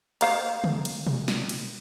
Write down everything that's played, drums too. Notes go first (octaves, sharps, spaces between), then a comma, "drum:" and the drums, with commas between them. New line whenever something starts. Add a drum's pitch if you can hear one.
C5 F5 A#5, drum: cymbal
drum: tom C#3
drum: cymbal
drum: tom B2
drum: snare
drum: cymbal